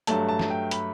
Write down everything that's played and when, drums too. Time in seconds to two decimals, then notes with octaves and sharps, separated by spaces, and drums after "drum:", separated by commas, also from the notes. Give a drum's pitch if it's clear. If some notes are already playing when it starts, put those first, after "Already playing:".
0.07 G2 F#3 A3 A5, drum: hi-hat
0.29 A5
0.39 drum: snare
0.50 G5
0.71 B5, drum: hi-hat